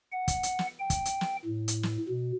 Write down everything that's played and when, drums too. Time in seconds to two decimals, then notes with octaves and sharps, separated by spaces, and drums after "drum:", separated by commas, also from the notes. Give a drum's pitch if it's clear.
0.12 F#5
0.28 drum: kick, hi-hat
0.43 drum: hi-hat
0.59 drum: snare
0.79 G5
0.90 drum: kick, hi-hat
1.05 drum: hi-hat
1.21 drum: snare
1.45 A2
1.68 drum: hi-hat
1.83 drum: snare
2.08 B2